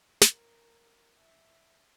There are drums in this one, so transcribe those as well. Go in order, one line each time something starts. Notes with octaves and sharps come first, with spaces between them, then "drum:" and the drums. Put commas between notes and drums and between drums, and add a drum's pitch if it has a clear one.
A#4, drum: snare
E5